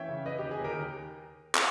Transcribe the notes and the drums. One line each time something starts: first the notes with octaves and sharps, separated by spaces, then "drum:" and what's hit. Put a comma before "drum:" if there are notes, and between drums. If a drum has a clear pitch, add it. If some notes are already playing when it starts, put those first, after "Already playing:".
Already playing: E3 C#4 C#5 E5 G5
C#3
C#3 B4 D#5
D#2 G4
G#4
D#2 G4 A#4
drum: clap